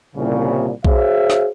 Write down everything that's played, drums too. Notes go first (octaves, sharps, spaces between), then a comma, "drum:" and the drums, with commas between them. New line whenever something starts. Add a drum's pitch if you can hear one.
C2 A#2 C#3
F#4 G#4 C5 C#5 E5 F5, drum: kick B1
drum: snare